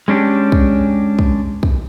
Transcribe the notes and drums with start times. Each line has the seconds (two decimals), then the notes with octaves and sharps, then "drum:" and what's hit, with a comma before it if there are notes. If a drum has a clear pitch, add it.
0.08 G#3 C#4 D4 G4
0.52 drum: kick
1.19 drum: kick
1.63 drum: kick